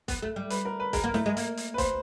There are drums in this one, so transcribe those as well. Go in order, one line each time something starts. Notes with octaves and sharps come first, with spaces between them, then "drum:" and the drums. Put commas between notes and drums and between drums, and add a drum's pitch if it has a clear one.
B3, drum: kick, hi-hat
A3
G3
B4, drum: hi-hat
A#4
B4
G#3 A#4, drum: kick, hi-hat
A#3
A3, drum: snare
G#3
A#3, drum: hi-hat
drum: hi-hat
B4
C5, drum: kick, hi-hat